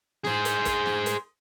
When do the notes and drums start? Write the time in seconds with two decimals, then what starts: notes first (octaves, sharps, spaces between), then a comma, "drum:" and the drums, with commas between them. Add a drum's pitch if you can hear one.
0.25 G#4 C5, drum: snare
0.45 drum: hi-hat
0.65 drum: kick, hi-hat
0.86 drum: snare
1.06 drum: hi-hat